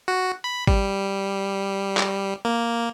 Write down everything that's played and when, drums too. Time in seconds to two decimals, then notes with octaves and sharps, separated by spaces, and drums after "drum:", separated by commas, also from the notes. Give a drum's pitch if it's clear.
0.08 F#4
0.44 B5
0.67 G3, drum: kick G#1
1.97 drum: clap
2.45 A#3